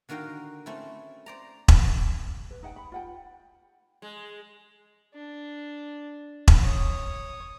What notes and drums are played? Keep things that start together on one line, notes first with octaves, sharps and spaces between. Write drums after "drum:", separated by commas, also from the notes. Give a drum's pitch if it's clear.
D3 D#3 F#4 A#4 F5 G5
A3 C4 C#4 E4
C5 D5 A#5
drum: kick E1
B4
D#4 F#5 G5
B5
F4 F#5 G5
G#3
D4
drum: kick E1
C#5 D#6